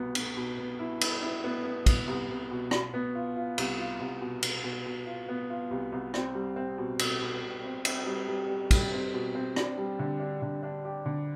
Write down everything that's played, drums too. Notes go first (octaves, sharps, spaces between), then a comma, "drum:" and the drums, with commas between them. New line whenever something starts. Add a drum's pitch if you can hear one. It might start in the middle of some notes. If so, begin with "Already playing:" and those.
Already playing: C2 B2 B3
B3, drum: cymbal
B2
B3
E4
E4, drum: cymbal
E4
B3
B3
B3, drum: kick, cymbal
C2
C2
B2
B2, drum: rim click
B3
F4
F4
C2, drum: cymbal
F4
C2
B2
B2, drum: cymbal
B2
B2
F4
B3
F4
C2
C2
C4, drum: rim click
G3
C4
B2
B2, drum: cymbal
B2
B2
C4
C4, drum: cymbal
G3
G3
G3
G3, drum: kick, cymbal
C4
B2
C4
D4, drum: rim click
G3
D3
D4
D3
D4
G4
D3